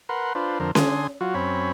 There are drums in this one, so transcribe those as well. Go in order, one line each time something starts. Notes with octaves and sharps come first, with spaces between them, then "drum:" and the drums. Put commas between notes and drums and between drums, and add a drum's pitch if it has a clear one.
A#4 B4 F#5 C6
D4 F4 B4 C5
F2 D3 A#4 C5
D3 G#5 C6 D#6, drum: snare C#4
F#3 F4 F#4
F#2 C4 C#4 C#5 B5